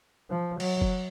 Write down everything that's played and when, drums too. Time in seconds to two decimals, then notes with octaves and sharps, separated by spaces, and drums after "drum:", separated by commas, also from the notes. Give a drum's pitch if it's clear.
0.30 F3
0.60 F#3, drum: cymbal
0.81 drum: kick F#1